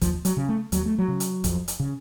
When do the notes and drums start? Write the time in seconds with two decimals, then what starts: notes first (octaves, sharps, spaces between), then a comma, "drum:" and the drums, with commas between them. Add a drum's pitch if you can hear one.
0.01 D#2 F3, drum: kick, hi-hat
0.25 F#3, drum: hi-hat
0.37 C#3
0.49 A3
0.72 D#2 F#3, drum: hi-hat
0.86 A3
0.99 F#3
1.08 C#3
1.20 drum: hi-hat
1.44 F2, drum: kick, hi-hat
1.68 drum: hi-hat
1.80 C#3